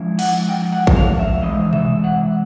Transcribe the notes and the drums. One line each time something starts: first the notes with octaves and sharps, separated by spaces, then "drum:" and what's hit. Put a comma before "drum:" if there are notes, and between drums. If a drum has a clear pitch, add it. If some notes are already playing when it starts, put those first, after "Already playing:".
Already playing: F3 G#3 C#4 E4
F#5, drum: cymbal
G5
F#5
drum: kick
F5
E5
E3 G#3 C4 D#5
E5, drum: tom B2
F#5